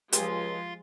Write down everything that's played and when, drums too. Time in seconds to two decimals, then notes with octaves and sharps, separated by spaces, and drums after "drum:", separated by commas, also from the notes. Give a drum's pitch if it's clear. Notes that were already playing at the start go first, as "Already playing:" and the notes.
0.13 C#2 F3 G#3 F4 G4 G#4 F5 C6, drum: hi-hat